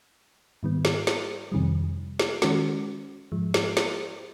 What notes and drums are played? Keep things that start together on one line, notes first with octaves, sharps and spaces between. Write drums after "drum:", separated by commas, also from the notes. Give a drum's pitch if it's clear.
G#2 D#3 G3 B3
drum: snare
drum: snare
F2 C3 D#3 G3
drum: snare
D#3 G#3 C#4 F#4, drum: snare
G#2 F3 G#3
drum: snare
drum: snare